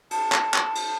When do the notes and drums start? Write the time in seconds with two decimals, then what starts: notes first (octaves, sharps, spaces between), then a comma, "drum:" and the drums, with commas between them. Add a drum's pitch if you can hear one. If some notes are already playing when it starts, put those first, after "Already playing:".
0.11 A5, drum: cymbal
0.32 drum: clap
0.54 drum: clap
0.75 drum: cymbal